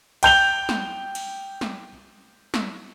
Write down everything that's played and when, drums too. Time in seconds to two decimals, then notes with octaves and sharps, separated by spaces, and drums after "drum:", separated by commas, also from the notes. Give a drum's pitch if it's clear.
0.23 G5 G6 F7 G7, drum: cymbal
0.69 drum: snare
1.15 drum: cymbal
1.61 drum: snare
2.54 drum: snare